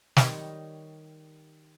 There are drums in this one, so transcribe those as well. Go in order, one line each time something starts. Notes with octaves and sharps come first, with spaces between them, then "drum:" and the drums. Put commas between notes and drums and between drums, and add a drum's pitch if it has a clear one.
D#3 G3 C#5 D#5, drum: snare